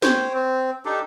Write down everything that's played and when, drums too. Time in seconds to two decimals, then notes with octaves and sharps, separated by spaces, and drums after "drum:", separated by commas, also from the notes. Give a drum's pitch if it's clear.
0.02 C5 C#5 G5, drum: snare
0.33 C4
0.85 D4 D#4 G4 A4